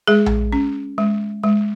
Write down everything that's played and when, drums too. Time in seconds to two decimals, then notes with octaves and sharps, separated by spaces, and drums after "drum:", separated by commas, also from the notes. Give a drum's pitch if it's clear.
0.07 G#3 G#4
0.26 drum: tom A#1
0.53 C#4
0.98 G#3
1.43 G#3